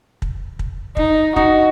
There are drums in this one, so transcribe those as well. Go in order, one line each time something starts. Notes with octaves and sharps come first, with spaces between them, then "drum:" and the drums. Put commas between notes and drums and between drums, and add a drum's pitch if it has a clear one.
drum: kick
drum: kick
D#4, drum: kick
D#4 F#4, drum: kick